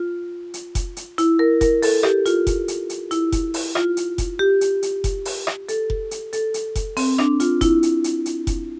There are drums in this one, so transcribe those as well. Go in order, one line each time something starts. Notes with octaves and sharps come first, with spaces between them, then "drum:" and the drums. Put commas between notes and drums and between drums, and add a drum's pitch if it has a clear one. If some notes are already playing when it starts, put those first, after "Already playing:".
Already playing: F4
drum: hi-hat
drum: kick F1, hi-hat
drum: hi-hat
E4, drum: hi-hat
A#4
A#4, drum: kick F1, hi-hat
A4, drum: open hi-hat
G4, drum: rim click
F4, drum: hi-hat
drum: kick F1, hi-hat
drum: hi-hat
drum: hi-hat
E4, drum: hi-hat
drum: kick F1, hi-hat
drum: open hi-hat
F4, drum: rim click
drum: hi-hat
drum: kick F1, hi-hat
G4
drum: hi-hat
drum: hi-hat
drum: kick F1, hi-hat
drum: open hi-hat
drum: rim click
A4, drum: hi-hat
drum: kick F1
drum: hi-hat
A4, drum: hi-hat
drum: hi-hat
drum: kick F1, hi-hat
C4, drum: open hi-hat
D4, drum: rim click
F4, drum: hi-hat
E4, drum: kick F1, hi-hat
drum: hi-hat
drum: hi-hat
drum: hi-hat
drum: kick F1, hi-hat